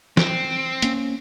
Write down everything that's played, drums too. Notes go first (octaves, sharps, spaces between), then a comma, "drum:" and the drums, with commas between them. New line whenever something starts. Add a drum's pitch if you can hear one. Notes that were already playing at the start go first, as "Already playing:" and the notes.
C4, drum: snare
A#3 C#4, drum: hi-hat